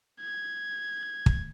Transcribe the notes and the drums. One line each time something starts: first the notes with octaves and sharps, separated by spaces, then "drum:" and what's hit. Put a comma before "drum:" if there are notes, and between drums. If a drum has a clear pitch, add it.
G#6
drum: kick